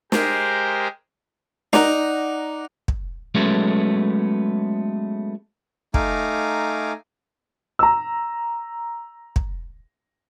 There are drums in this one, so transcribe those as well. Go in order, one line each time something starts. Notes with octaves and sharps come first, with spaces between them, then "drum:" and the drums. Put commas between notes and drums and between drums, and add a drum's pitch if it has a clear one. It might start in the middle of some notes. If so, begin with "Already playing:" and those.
G#3 G4 G#4 A#4 C5 G5, drum: snare
D#4 D5 F#5 A#5, drum: snare
drum: kick
F#3 G#3 A3 B3 C#4
A3 D#4 F5 G#5 A#5 D6, drum: kick
A#5 E6
drum: kick